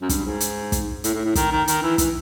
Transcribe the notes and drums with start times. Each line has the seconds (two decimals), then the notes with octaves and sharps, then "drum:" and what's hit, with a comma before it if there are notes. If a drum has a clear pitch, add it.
0.01 F#2
0.09 G2, drum: kick, hi-hat
0.25 G#2
0.40 drum: hi-hat
0.72 drum: kick, hi-hat
1.04 A2, drum: hi-hat
1.14 A2
1.25 A2
1.35 D#3, drum: kick, hi-hat
1.51 D#3
1.68 D#3, drum: hi-hat
1.82 E3
1.98 E3, drum: kick, hi-hat